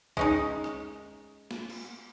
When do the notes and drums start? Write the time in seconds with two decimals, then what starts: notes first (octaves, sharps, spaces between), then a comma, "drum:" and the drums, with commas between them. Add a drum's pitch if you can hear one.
0.17 G#3 C#4 D#4, drum: kick
0.64 drum: rim click
1.51 drum: snare
1.70 drum: cymbal